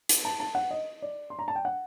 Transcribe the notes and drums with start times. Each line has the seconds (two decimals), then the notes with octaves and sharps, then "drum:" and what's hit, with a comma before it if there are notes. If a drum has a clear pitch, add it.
0.09 drum: hi-hat
0.25 A5
0.40 A5
0.55 F#5
0.71 D#5
1.02 D5
1.30 C6
1.39 A#5
1.48 A5
1.55 G5
1.65 F#5